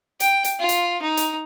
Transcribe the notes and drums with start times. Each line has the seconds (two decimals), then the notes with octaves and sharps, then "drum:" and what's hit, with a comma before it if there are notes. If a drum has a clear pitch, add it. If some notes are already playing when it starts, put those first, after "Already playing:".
0.20 G5, drum: hi-hat
0.44 drum: hi-hat
0.59 F4
0.69 drum: hi-hat
1.01 D#4
1.17 drum: hi-hat